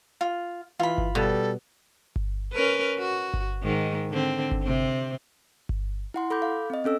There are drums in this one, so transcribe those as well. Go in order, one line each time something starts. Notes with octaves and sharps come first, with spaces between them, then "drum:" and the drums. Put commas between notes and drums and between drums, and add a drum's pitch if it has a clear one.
F4
E3 F4 B5
drum: kick G1
B2 G3 A4
drum: kick G1
C#4 A#4 B4
F#4
drum: kick G1
G#2 D#3
D3 C4
drum: kick G1
C3 C4
drum: kick G1
E4 F#5 C6
A4 B5 D6 G6
F5
C4 D#5
C4 C#4 A4 E6